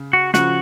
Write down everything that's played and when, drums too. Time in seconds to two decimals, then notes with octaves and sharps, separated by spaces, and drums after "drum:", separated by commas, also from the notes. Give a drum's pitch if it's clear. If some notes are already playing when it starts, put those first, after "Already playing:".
Already playing: C#3
0.13 F#4
0.34 C#3 F3 F#4, drum: snare